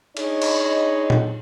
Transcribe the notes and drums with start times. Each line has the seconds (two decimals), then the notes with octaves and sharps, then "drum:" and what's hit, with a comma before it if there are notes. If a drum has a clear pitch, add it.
0.17 D4 D#4 G#4 C#5 D#5, drum: cymbal
0.42 drum: cymbal
1.10 drum: tom A#2